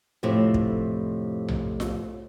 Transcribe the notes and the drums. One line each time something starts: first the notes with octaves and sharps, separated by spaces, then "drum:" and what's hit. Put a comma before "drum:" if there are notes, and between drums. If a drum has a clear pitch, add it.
F2 A2 C3 E4
drum: kick
drum: tom B1
drum: snare F4